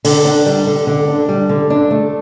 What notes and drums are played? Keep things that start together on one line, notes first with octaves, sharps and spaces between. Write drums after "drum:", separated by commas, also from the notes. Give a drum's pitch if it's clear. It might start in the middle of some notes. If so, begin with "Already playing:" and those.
D3, drum: open hi-hat
D4
G3
D3
D3
D4
G3
D3
D4
A3